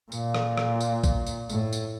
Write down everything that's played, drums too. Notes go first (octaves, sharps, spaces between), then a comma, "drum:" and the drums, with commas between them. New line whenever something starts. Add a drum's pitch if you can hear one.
A#2, drum: tambourine
drum: rim click
drum: rim click
drum: tambourine
drum: kick A#1, tambourine
drum: tambourine
A2, drum: tambourine
drum: tambourine